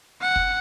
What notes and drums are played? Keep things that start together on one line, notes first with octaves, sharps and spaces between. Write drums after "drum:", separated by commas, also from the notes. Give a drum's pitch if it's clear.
F#5
drum: kick